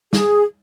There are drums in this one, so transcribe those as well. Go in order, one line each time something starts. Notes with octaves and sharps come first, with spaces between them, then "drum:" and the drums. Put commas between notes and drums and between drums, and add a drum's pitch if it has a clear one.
G#4, drum: snare